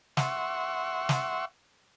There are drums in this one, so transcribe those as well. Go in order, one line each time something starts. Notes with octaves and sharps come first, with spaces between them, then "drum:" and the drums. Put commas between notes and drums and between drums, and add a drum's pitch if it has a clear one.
E5 F#5 C6 C#6, drum: snare
drum: snare